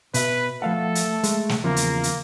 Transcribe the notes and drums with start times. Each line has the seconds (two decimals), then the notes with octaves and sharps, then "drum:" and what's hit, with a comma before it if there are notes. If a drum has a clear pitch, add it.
0.14 B2 B4 E5, drum: hi-hat
0.62 F3 A3 A4 F5 F#5
0.95 drum: hi-hat
1.23 G#3, drum: hi-hat
1.49 drum: snare
1.64 E2 C#3 F3 A#3
1.76 drum: hi-hat
2.03 drum: hi-hat